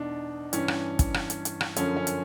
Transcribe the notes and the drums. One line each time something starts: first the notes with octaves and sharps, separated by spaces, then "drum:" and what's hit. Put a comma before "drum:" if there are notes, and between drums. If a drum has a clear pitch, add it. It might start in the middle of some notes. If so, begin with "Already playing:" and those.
Already playing: E2 B2 D4 D#4
G2 E3 C#4, drum: hi-hat
drum: rim click
drum: kick, hi-hat
drum: rim click
drum: hi-hat
drum: hi-hat
drum: rim click
F#2 D3 F3 C#4, drum: hi-hat
C#4
drum: hi-hat